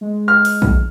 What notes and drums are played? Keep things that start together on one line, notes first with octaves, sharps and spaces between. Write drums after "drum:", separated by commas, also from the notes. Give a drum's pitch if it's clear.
G#3
F6
drum: open hi-hat
drum: kick A#1